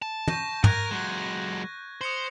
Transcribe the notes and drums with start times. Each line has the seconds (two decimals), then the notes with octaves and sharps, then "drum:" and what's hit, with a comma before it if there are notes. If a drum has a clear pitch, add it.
0.02 A5
0.28 C#6 G6 A#6, drum: tom
0.64 A#4 F#6 G#6 A#6, drum: tom
0.91 F#3 G#3
2.01 C5 D#6 C#7 F#7